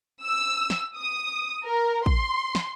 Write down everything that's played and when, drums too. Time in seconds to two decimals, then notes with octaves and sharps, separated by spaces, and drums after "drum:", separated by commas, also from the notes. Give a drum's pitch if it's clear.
0.24 E6
0.70 drum: snare
0.97 D#6
1.65 A#4
2.06 C6, drum: kick
2.55 drum: snare